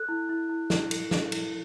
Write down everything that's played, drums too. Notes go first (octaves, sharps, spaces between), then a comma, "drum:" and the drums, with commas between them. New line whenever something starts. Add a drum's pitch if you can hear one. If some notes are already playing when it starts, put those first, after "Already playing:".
Already playing: A4 F#6
E4
E4
E4
E4, drum: snare
A4, drum: cymbal
A4, drum: snare
E4, drum: cymbal